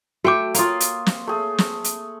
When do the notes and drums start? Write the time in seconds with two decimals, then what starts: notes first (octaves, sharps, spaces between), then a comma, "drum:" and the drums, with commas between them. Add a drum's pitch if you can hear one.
0.24 A3 F#4 G5 D6
0.54 A#3 F4 C6 C#6 D#6, drum: hi-hat
0.80 drum: hi-hat
1.06 drum: snare
1.27 A3 G#4
1.58 drum: snare
1.84 drum: hi-hat